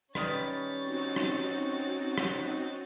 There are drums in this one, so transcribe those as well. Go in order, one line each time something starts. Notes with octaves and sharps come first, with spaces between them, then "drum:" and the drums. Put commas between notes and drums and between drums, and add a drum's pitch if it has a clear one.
D#3 G3 C#4 B4 A6, drum: rim click
C4 D#4 F#4
drum: rim click
drum: rim click